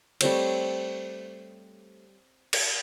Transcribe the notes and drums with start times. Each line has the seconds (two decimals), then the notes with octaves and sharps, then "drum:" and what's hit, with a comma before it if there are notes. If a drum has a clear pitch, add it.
0.21 G3 A3 C4 C#5, drum: cymbal
2.53 drum: cymbal